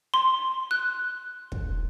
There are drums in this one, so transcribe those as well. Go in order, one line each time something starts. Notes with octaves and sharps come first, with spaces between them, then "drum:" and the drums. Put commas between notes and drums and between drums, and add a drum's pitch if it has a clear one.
C6
F#6
drum: kick